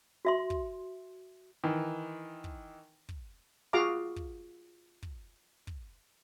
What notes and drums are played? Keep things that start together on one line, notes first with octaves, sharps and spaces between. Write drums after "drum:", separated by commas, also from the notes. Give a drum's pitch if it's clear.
F#4 E5 C6
drum: kick
D#3 E3
drum: kick
drum: kick
F4 F#4 G#4 F5 A#5 D6
drum: kick
drum: kick
drum: kick